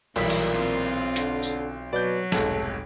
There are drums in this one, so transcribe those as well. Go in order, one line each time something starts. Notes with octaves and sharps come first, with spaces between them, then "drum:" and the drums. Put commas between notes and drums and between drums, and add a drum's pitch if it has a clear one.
B1 A#2 E3 G3 E4 B6, drum: cymbal
drum: cymbal
C4 F4
D3, drum: hi-hat
drum: tambourine
B2 F#3 D5 G6
F1 B1 G#2 A4, drum: snare